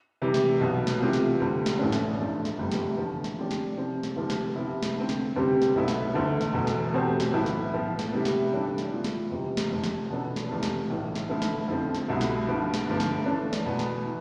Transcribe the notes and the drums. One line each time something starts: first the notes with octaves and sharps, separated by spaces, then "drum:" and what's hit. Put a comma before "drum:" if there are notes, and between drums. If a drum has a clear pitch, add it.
C3 E3 G3
drum: snare
B1 B2 B3
drum: snare
C3 E3 A3 C4 F4
drum: snare
D2 D3 G3
drum: snare
A1 A2 F3 A3 D4
drum: snare
G1 G2 F3 A3
drum: snare
G1 F2 C3 G3 B3
drum: snare
E2 D3 F3
drum: snare
D3 F3 C4 G4 D5
drum: snare
C3 F3 C4
drum: snare
D2 C3 F3
drum: snare
C3 F3 B3 E4
drum: snare
D3 A3 C4
drum: snare
D2 C3 G3 C4 G4
drum: snare
B1 B2 B3 E4 A4
drum: snare
E1 D2 D3 A3
drum: snare
E1 E2 B2 A3
drum: snare
B2 A3 C4 G4 C5
drum: snare
B1 A2 E3 A3 E4
drum: snare
A2 F3 B3
drum: snare
C3 G3 B3 E4 B4
drum: snare
G2 E3 G3 D4 A4
drum: snare
E3 B3 F4
drum: snare
E1 E2 C3 G3
drum: snare
F2 C3 F3
drum: snare
E2 B2 B3 D4 A4
drum: snare
F1 E2 C3 F3 A3
drum: snare
B1 A2 E3
drum: snare
D3 F3 A3 E4
drum: snare
F2 D3 F3 C4
drum: snare
C2 B2 A3 E4
drum: snare
G2 F3 B3
drum: snare
G1 G2 D3 F3 B3
drum: snare
E3 A3 D4
drum: snare
E2 B2 B3
drum: snare
E3